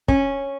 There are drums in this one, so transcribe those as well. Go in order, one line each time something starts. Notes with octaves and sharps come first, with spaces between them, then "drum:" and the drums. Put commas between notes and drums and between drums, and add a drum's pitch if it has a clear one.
C#4, drum: kick